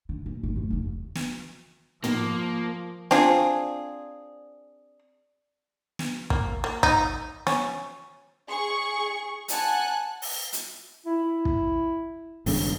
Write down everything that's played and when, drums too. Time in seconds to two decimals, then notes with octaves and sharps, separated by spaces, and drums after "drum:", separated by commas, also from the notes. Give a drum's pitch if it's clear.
0.09 D3
0.26 A#2
0.43 G1
0.56 A3 A#3
0.70 F1 D#2
1.15 drum: snare
2.04 F3 A#3, drum: tom
3.11 C4 D4 F4 G#4, drum: snare
5.99 drum: snare
6.30 A#3, drum: kick
6.64 A#3
6.83 D#4, drum: kick
7.47 C#4, drum: snare
8.47 G#4 C#6
9.48 F#5 G#5 A5 F#6, drum: hi-hat
10.22 drum: open hi-hat
10.53 drum: hi-hat
11.06 E4
11.45 drum: kick
12.46 G#1 G2 C#3, drum: open hi-hat